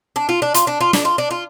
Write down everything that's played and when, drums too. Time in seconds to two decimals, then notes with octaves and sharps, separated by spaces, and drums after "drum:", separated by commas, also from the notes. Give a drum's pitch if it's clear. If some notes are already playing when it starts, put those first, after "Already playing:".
0.16 D4
0.29 F4
0.42 D4
0.54 F4, drum: hi-hat
0.67 D4
0.81 F4
0.93 D4, drum: snare
1.05 F4
1.18 D4
1.31 F4